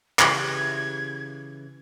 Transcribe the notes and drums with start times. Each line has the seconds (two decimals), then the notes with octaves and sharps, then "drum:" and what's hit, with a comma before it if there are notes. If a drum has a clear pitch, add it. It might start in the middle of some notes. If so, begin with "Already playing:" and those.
0.19 C#3 E3 G4 G#6, drum: clap